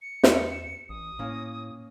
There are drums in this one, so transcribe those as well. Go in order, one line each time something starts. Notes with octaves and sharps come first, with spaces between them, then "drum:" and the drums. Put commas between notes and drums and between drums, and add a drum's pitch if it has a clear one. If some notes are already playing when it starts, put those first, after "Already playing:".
C#7
E2, drum: snare
E7
A1 D#6
A2 A#3 C#4 A#4